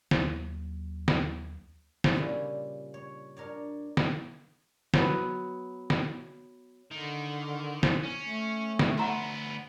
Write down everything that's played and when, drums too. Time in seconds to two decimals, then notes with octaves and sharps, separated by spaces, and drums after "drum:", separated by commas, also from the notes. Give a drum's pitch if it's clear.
0.11 D#2 F#3, drum: snare
1.08 drum: snare
2.04 drum: snare
2.14 A#2 C#3 G3 C#4 E4 F4
2.94 C#5
3.37 D4 A#4 C#5 D5
3.97 drum: snare
4.94 F#3 B3, drum: snare
5.90 drum: snare
6.91 D3 D#3
7.83 drum: snare
8.03 C#4
8.22 A3
8.79 drum: snare
8.98 D2 B3 F#5 A#5 C6